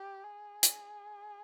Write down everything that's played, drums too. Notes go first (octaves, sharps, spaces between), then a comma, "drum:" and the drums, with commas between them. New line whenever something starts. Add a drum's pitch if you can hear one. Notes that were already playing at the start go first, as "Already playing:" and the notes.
Already playing: G4
G#4
drum: hi-hat